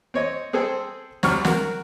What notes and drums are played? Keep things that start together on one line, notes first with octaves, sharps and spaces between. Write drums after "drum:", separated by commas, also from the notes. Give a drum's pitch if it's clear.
C4 C#5 D#5
C4 G#4 A4 C5 G5
D2 F#3 G3 C#6 F6, drum: snare
F#4 A#4, drum: snare